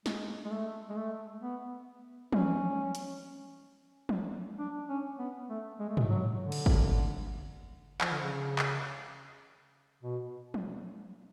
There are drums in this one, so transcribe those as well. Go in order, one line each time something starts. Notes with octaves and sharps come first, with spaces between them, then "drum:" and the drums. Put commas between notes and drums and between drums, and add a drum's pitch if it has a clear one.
G#3, drum: snare
G#3
A3
G#3
A3
B3
C#4, drum: tom
drum: hi-hat
drum: tom
D4
C#4
B3
A3
G#3
A3
G#3, drum: tom
F#3
D3
drum: cymbal
drum: kick
F3, drum: clap
D3
C#3
drum: clap
B2
drum: tom